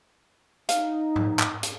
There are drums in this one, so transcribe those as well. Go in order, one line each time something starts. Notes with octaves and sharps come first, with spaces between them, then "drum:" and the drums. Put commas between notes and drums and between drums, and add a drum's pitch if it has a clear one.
D#4 F5, drum: hi-hat
drum: tom G#2
drum: clap
drum: hi-hat